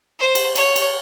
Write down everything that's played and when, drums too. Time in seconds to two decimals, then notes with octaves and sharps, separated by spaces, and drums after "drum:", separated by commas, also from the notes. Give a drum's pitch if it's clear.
0.19 C5
0.35 drum: cymbal
0.55 C#5, drum: cymbal
0.76 drum: cymbal